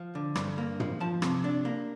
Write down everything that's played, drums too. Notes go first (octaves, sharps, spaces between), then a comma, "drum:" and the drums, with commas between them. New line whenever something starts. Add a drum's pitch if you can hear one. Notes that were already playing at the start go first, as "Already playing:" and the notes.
Already playing: F3
D3
G2, drum: rim click
A#3
F3, drum: tom
F3 A5
C3, drum: rim click
D4
A#3